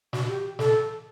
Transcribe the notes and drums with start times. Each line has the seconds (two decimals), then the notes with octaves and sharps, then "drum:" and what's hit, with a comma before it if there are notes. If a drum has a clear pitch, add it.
0.13 F#4, drum: snare
0.29 G4
0.59 A4, drum: snare